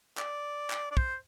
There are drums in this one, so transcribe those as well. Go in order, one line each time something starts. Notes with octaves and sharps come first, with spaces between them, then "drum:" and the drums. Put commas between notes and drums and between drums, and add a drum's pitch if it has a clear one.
D5, drum: clap
drum: clap
D5
C5, drum: kick